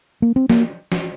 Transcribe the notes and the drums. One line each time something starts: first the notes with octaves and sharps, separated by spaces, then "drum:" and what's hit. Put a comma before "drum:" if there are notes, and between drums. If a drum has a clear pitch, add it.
A#3
C4
A#3, drum: snare
drum: snare